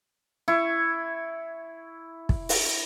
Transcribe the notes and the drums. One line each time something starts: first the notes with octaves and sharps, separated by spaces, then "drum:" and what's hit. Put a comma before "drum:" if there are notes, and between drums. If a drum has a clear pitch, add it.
E4 C#6
drum: kick
drum: open hi-hat